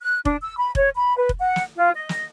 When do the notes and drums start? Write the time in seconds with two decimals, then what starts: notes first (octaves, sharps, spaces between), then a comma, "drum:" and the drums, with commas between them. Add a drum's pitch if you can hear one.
0.01 F#6
0.25 D4, drum: kick F1
0.41 E6
0.58 B5
0.75 C#5, drum: kick F1
0.95 B5
1.16 B4
1.29 drum: kick F1
1.38 F#5
1.56 drum: snare
1.75 F4
1.94 D#5
2.09 drum: snare